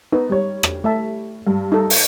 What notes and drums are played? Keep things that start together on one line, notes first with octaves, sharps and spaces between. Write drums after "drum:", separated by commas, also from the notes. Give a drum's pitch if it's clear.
B3 D#4
G3 C#5
drum: rim click
A3 E5 A5
G2
D#4 A4
drum: open hi-hat